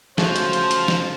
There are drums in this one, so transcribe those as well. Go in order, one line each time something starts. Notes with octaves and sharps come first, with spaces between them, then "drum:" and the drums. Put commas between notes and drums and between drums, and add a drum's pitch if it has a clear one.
C#3 F3 A3 F#4 C5, drum: snare
drum: hi-hat
drum: hi-hat
drum: hi-hat
drum: snare